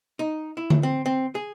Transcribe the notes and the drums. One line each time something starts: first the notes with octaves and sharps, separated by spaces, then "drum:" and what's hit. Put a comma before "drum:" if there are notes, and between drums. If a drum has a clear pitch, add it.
D#4
E4
drum: tom D3
C4
C4
G#4